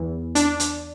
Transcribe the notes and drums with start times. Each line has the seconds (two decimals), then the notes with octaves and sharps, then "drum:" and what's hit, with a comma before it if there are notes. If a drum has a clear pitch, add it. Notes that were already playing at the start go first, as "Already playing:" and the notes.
Already playing: E2 E3
0.35 D4, drum: hi-hat
0.60 drum: hi-hat